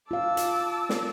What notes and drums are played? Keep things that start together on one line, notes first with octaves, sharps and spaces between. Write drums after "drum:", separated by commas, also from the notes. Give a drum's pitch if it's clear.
F4 F5 A5 D6 E6
drum: hi-hat
drum: snare